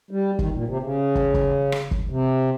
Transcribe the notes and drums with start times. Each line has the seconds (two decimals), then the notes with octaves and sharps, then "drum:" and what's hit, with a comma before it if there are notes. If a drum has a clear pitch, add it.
0.11 G3
0.39 D#3, drum: kick
0.54 A#2
0.68 C3
0.83 C#3
1.15 drum: kick
1.34 drum: kick
1.72 drum: rim click
1.91 drum: kick
2.10 C3